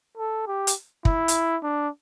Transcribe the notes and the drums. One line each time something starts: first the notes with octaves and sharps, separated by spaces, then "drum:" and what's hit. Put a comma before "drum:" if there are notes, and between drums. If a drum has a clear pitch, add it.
A4
G4
drum: hi-hat
E4, drum: kick
drum: hi-hat
D4